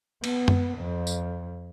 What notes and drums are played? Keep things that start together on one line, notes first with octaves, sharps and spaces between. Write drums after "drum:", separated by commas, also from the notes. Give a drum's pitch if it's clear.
B3, drum: cymbal
drum: tom F#2
F2
drum: tambourine